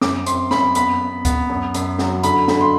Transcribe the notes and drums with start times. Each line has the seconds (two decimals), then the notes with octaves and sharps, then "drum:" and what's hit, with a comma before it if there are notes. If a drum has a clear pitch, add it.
0.01 F#2 D6, drum: snare
0.26 C4 C6, drum: hi-hat
0.51 F#2 B5, drum: snare
0.75 B3 B5, drum: hi-hat
1.01 B3
1.25 B3, drum: kick C#2, hi-hat
1.50 F#2
1.74 F#2, drum: hi-hat
1.99 F#3, drum: snare
2.23 D3 B5, drum: hi-hat
2.48 D3 B5, drum: snare
2.61 C6